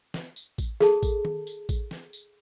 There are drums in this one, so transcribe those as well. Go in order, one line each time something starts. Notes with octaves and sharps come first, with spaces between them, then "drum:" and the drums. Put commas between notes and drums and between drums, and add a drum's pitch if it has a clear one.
drum: snare
drum: tambourine
drum: kick A1, tambourine
G#4 A4 A5, drum: snare
drum: kick A1, tambourine
drum: tom D#3
drum: tambourine
drum: kick A1, tambourine
drum: snare
drum: tambourine